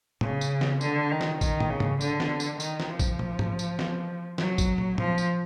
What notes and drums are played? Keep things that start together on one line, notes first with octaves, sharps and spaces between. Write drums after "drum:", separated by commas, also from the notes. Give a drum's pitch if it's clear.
C#3, drum: tom
drum: tambourine
drum: snare
D3, drum: tambourine
D#3
drum: snare
D#3, drum: kick, tambourine
drum: tom
C#3
drum: tom
D3, drum: tambourine
drum: snare
drum: tambourine
D#3, drum: tambourine
drum: snare
F3
drum: kick, tambourine
drum: tom
drum: tom
drum: tambourine
drum: snare
F#3, drum: snare
drum: kick, tambourine
drum: tom
F3, drum: tom
drum: tambourine